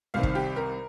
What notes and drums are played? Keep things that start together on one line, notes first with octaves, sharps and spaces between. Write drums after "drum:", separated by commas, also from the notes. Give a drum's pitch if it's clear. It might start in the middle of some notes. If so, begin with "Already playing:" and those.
C2 C3 D#3 F5
drum: kick
G4
A#4